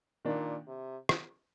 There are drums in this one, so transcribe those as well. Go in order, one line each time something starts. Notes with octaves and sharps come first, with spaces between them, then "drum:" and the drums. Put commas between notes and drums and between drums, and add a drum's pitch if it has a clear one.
A#2 D#3 A#3 D4
C3
drum: rim click